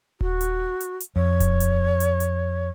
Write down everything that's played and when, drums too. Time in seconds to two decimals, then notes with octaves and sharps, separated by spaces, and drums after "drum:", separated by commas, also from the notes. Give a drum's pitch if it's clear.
0.21 F#4, drum: kick D#1
0.41 drum: hi-hat
0.80 drum: hi-hat
1.00 drum: hi-hat
1.16 F2 C#5
1.40 drum: kick D#1, hi-hat
1.60 drum: hi-hat
2.00 drum: hi-hat
2.20 drum: hi-hat